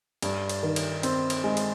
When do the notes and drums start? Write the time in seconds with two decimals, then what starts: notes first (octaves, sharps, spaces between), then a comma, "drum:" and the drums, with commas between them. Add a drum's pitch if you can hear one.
0.22 G2, drum: cymbal
0.49 drum: cymbal
0.63 D#3
0.76 drum: cymbal
1.03 C4, drum: cymbal
1.30 drum: cymbal
1.44 G#3
1.57 drum: cymbal